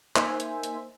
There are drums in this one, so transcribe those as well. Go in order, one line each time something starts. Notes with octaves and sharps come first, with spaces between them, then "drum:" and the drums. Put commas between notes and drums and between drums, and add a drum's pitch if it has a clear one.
A#3 D#4 C5 E5 G#5, drum: clap
drum: hi-hat
drum: hi-hat